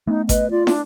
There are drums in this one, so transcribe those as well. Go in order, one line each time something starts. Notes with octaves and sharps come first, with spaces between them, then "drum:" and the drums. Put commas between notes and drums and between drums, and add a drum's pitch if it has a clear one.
A3 B3 C#4 D#4
B4 D#5, drum: kick G#1, hi-hat
F4 D5
D4, drum: snare